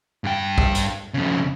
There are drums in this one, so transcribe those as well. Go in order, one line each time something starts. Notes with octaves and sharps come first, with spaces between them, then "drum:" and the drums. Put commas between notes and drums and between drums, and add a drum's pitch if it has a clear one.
G2 G5
drum: kick
drum: hi-hat
F2 C#3